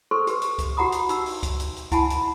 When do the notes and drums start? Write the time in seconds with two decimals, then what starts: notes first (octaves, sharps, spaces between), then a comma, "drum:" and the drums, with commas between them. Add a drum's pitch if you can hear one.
0.11 A4 A#4 C5 C6 C#6
0.27 G4 B4, drum: hi-hat
0.42 drum: hi-hat
0.58 drum: kick C#2, hi-hat
0.77 F#4 G4 F#5 A#5 B5 D#6
0.92 drum: hi-hat
1.09 D#4 E6, drum: hi-hat
1.26 drum: open hi-hat
1.43 drum: kick C#2, hi-hat
1.60 drum: hi-hat
1.76 drum: hi-hat
1.92 E4 F#5 G#5 A5 B5, drum: kick C#2, hi-hat
2.10 drum: hi-hat